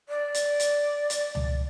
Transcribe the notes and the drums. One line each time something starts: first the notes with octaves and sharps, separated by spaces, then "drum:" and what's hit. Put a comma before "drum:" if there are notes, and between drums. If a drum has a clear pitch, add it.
D5
drum: hi-hat
drum: hi-hat
drum: hi-hat
drum: tom C#2